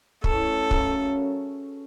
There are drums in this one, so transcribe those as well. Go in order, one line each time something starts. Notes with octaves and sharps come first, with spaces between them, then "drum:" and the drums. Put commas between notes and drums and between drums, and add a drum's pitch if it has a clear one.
E3 A3 C#4 A4, drum: kick
F#2 C#3 F#3, drum: kick